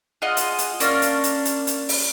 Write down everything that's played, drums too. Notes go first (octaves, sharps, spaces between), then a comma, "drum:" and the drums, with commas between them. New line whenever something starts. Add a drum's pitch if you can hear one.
F4 G#4 D#5 F#5
drum: hi-hat
drum: hi-hat
A#3 C#4 D4 F4, drum: hi-hat
drum: hi-hat
drum: hi-hat
drum: hi-hat
drum: hi-hat
drum: open hi-hat